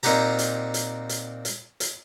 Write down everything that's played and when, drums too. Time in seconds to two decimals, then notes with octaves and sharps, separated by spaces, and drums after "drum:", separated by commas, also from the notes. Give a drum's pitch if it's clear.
0.03 A#2 C4 D#4 F#4 G4 A#5, drum: hi-hat
0.39 drum: hi-hat
0.74 drum: hi-hat
1.09 drum: hi-hat
1.45 drum: hi-hat
1.80 drum: hi-hat